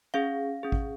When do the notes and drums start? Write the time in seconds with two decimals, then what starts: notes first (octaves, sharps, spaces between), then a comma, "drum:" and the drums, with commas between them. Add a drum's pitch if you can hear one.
0.14 C#4 G#4 F5
0.63 C#4 G#4
0.72 drum: kick G#1